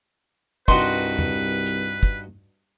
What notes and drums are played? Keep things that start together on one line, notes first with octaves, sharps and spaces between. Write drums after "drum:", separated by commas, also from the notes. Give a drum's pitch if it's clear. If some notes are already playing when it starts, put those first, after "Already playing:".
C2 G2 D#4 F#4 B4 C6, drum: kick
drum: tom
drum: hi-hat
drum: kick